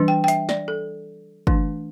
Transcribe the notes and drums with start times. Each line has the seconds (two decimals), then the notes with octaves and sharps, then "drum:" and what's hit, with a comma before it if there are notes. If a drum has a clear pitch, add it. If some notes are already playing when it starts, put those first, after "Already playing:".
Already playing: E3 G3 D4
0.08 G5
0.24 G5
0.28 E5, drum: hi-hat
0.49 D5, drum: snare
0.68 A4
1.47 E3 A3 D4, drum: kick